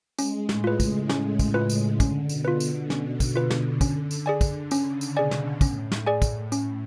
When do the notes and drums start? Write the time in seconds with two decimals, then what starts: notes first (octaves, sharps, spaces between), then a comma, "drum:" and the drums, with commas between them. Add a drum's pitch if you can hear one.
0.18 G#3 C#4, drum: tambourine
0.49 A2, drum: snare
0.64 F4 B4
0.80 C#3, drum: kick, tambourine
1.09 C#3 C#4, drum: snare
1.39 drum: kick, tambourine
1.54 F4 B4
1.70 drum: tambourine
2.00 D3 C#4, drum: kick, tambourine
2.29 B2, drum: tambourine
2.45 F4 B4
2.60 B2, drum: tambourine
2.90 D3 C#4, drum: snare
3.20 drum: kick, tambourine
3.36 F4 B4
3.50 drum: snare
3.81 C#4, drum: kick, tambourine
4.11 drum: tambourine
4.26 G#4 D5 G#5
4.41 drum: kick, tambourine
4.71 C#3 C#4, drum: tambourine
5.01 drum: tambourine
5.16 B2 G#4 D5 G#5
5.31 drum: snare
5.61 A2 C#4, drum: kick, tambourine
5.92 drum: snare
6.06 G#4 D5 G#5
6.22 drum: kick, tambourine
6.52 C#4, drum: tambourine